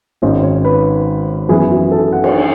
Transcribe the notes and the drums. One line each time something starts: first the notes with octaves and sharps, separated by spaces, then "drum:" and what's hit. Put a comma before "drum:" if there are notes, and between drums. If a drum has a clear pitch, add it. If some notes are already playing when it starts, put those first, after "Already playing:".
G#1 G#2 D#3 G#3 C#4 D#5
C#5
B4
F#2 E3 B3 G#4
F#4
A4
F#5
drum: cymbal